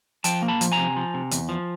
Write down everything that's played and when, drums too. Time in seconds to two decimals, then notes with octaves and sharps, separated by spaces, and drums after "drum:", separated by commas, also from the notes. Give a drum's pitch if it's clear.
0.24 F3 G5 A5, drum: hi-hat
0.42 A#3
0.48 A5 B5
0.61 F3, drum: hi-hat
0.72 G#5 A#5
0.78 C3
0.96 F3
1.14 C3
1.31 E2, drum: hi-hat
1.49 F3